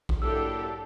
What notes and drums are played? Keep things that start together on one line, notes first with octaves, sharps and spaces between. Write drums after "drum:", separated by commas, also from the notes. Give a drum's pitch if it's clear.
drum: kick A#1
F#3 A#3 D4 E4 G4 A4 E6